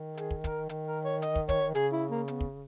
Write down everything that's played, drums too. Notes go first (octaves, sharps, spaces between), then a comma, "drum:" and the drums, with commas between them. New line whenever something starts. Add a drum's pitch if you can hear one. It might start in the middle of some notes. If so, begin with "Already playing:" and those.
Already playing: D#3
G#4, drum: hi-hat
drum: kick
A#4, drum: kick, hi-hat
D#3, drum: hi-hat
A#4
C#5
D#5, drum: hi-hat
drum: kick
C#5, drum: kick, hi-hat
C#3 G#4, drum: hi-hat
E4
A#3
B3, drum: hi-hat
drum: kick